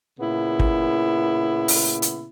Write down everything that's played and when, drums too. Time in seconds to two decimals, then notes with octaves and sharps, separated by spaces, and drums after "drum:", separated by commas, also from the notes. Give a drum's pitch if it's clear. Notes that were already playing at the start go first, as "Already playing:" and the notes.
0.19 A#2 C#3 B3 E4
0.59 drum: kick
1.68 drum: open hi-hat
2.02 drum: hi-hat